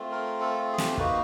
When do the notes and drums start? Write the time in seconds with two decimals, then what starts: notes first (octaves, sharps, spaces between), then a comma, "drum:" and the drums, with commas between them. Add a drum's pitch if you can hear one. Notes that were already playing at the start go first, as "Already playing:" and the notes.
Already playing: A3 C4 F4
0.12 A#4
0.40 A4
0.73 G#4
0.78 G4, drum: snare
0.97 A#3 D#4 F#4 B4, drum: kick